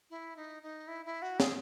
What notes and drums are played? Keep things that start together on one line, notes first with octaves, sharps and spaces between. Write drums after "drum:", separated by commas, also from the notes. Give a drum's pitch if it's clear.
E4
D#4
D#4
E4
E4
F#4
G#4, drum: snare